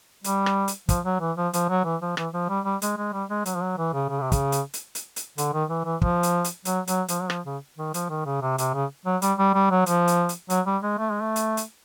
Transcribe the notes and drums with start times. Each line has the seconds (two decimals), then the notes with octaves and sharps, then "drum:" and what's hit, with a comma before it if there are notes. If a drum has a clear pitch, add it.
0.24 G3, drum: hi-hat
0.46 drum: rim click
0.68 drum: hi-hat
0.89 F3, drum: kick, hi-hat
1.05 F#3
1.20 E3
1.37 F3
1.53 F3, drum: hi-hat
1.69 F#3
1.85 E3
2.02 F3
2.17 E3, drum: rim click
2.33 F3
2.49 G3
2.65 G3
2.82 G#3, drum: hi-hat
2.97 G#3
3.13 G3
3.30 G#3
3.46 F#3, drum: hi-hat
3.55 F3
3.62 F#3
3.78 E3
3.94 C#3
4.09 C#3
4.21 C3
4.32 C#3, drum: kick, hi-hat
4.52 drum: hi-hat
4.74 drum: hi-hat
4.95 drum: hi-hat
5.16 drum: hi-hat
5.38 D3, drum: hi-hat
5.53 D#3
5.70 E3
5.85 E3
6.02 F3, drum: kick
6.23 drum: hi-hat
6.44 drum: hi-hat
6.65 F#3, drum: hi-hat
6.87 F#3, drum: hi-hat
7.08 F3, drum: hi-hat
7.22 F#3
7.30 F3, drum: rim click
7.46 C#3
7.78 D#3
7.94 F3, drum: hi-hat
8.10 D#3
8.26 C#3
8.42 C3
8.58 C3, drum: hi-hat
8.74 C#3
9.05 F#3
9.22 G3, drum: hi-hat
9.38 G3
9.54 G3
9.71 F#3
9.86 F3, drum: hi-hat
10.08 drum: hi-hat
10.29 drum: hi-hat
10.50 F#3, drum: hi-hat
10.66 G3
10.83 G#3
10.99 A3
11.11 G#3
11.22 A3
11.36 drum: hi-hat
11.57 drum: hi-hat